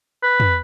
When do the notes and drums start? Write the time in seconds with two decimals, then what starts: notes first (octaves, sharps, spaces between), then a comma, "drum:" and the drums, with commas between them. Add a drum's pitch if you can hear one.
0.23 B4
0.40 drum: tom